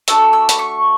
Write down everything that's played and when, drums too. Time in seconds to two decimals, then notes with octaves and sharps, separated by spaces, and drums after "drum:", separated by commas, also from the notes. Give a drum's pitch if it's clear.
0.08 A3 D4 F#4 E6, drum: hi-hat
0.33 E6
0.49 B5, drum: hi-hat
0.59 C#6